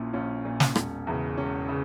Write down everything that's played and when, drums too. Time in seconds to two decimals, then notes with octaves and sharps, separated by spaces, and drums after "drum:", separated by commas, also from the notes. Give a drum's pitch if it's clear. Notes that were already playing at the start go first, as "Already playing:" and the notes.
Already playing: A#1 A#2 C#4 E4
0.14 A#1 C#4
0.45 A#2
0.60 drum: snare
0.76 E1, drum: rim click
1.07 E2 C#3
1.37 E1 C#4
1.69 C#3